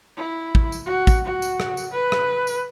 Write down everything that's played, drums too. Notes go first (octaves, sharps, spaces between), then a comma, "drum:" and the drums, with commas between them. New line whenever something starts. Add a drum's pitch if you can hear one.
E4
drum: kick
drum: tambourine
F#4
drum: kick, tambourine
F#4
drum: tambourine
drum: rim click
drum: tambourine
B4
drum: rim click
drum: tambourine